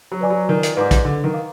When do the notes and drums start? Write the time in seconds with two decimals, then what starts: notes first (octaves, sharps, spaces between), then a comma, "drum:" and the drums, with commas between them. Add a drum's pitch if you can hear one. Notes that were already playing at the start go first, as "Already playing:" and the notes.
0.12 F#3
0.20 B4 D5 G#5 D6
0.30 F#3
0.49 D#3 F4
0.63 drum: hi-hat
0.76 G#2 B4 D5 G#5 D6
0.91 drum: kick, hi-hat
1.05 D3 B4
1.24 D#3
1.33 F5 A#5 D6